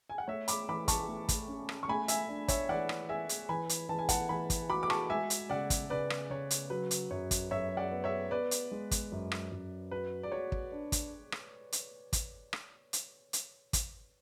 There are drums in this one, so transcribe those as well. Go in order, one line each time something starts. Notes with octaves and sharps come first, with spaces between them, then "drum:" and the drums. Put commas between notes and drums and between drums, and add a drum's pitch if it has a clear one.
G#5
F#5
A3 C#5 E5
B5 D6, drum: hi-hat
E3 B5 D6
A5 C#6, drum: kick, hi-hat
A3
drum: kick, hi-hat
C#4
drum: rim click
C#6
A3 G#5 B5
E5 G#5, drum: hi-hat
D4
C#5 E5, drum: kick, hi-hat
E3 D5 F#5
drum: rim click
G#4 E5 G#5
drum: hi-hat
E3 G#5 B5
drum: hi-hat
E3 A5
G#5
F#5 A5, drum: kick, hi-hat
E3 G#5 B5
drum: kick, hi-hat
F#4 B5 D6
D6
A5 C#6, drum: rim click
G#3 E5 G#5
drum: hi-hat
C#3 D5 F#5
drum: kick, hi-hat
C#3 B4 D5
drum: rim click
C#3 C#5
drum: hi-hat
F#3 B4
drum: hi-hat
F#2 C#5
drum: kick, hi-hat
F#2 C#5 E5
D5 F#5
B3
C#5 E5
B3 B4 D5
drum: hi-hat
G#3
drum: kick, hi-hat
F#2
drum: rim click
F#2
F#4 B4
D5
F#4 C#5
drum: kick
D4
drum: kick, hi-hat
drum: rim click
drum: hi-hat
drum: kick, hi-hat
drum: rim click
drum: hi-hat
drum: hi-hat
drum: kick, hi-hat